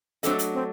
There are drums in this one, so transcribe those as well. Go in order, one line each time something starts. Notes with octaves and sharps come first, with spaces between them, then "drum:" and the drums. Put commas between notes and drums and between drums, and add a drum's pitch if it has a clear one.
F#3 A3 C4 D4 A4 D#5, drum: hi-hat
drum: hi-hat
C4